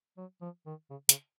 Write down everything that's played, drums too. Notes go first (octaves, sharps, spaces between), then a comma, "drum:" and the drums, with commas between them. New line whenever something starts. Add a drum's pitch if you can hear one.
F#3
F3
D#3
C#3
C#3, drum: hi-hat